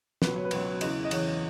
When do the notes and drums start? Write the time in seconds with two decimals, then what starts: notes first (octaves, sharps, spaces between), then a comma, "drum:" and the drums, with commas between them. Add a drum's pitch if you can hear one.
0.22 C#2 B2 F#3 B4, drum: snare
0.36 C#5
0.45 B4
0.51 C#2 B2 F#3 C#5, drum: cymbal
0.81 E2 C#3 E3 D#5, drum: cymbal
1.05 D#5
1.11 E2 C#3 E3 C#5, drum: cymbal